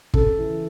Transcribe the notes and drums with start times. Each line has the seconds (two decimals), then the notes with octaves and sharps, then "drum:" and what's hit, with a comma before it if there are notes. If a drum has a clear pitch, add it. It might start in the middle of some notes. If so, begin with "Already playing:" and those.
0.14 C#3 A4, drum: kick
0.38 E3